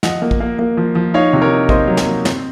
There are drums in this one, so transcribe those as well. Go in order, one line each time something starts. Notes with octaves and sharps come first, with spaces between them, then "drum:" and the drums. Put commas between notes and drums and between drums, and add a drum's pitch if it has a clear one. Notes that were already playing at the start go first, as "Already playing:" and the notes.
F3 D#5 F#5, drum: snare
A#3
drum: kick
A#3
A#3
F3
F3
D#4 C#5 F5
C3
A#4 C#5
D#4
A#3 C5 D#5, drum: kick
F#3
drum: snare
A#3
C4, drum: snare